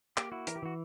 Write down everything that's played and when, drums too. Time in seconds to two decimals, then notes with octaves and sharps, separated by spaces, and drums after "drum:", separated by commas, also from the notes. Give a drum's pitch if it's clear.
0.17 A#3 G4, drum: clap
0.32 E4 F#4
0.47 E3 A#4, drum: hi-hat
0.56 G4
0.62 E3 F#4